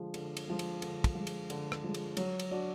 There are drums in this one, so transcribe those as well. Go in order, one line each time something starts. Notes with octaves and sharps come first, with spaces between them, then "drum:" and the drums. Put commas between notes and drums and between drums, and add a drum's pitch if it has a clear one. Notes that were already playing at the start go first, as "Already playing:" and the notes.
Already playing: D3 F3 G#3
D3, drum: cymbal
drum: cymbal
F3 G#3
drum: cymbal
D3, drum: cymbal
drum: kick, cymbal
F3 G#3
drum: cymbal
D3, drum: cymbal
drum: rim click
F3 G#3
drum: cymbal
F#3, drum: cymbal
drum: cymbal
D4 F#4